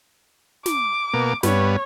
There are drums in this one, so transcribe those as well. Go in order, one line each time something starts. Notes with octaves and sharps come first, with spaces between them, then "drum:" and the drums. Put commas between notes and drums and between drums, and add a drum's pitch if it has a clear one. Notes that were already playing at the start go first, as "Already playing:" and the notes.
D6, drum: snare
B2 A#3
G2 B3 C#5, drum: snare